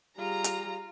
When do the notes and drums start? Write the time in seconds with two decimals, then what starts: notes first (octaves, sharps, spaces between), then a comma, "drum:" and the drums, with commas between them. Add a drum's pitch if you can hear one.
0.18 G3 F4 G#4 A#5
0.44 drum: hi-hat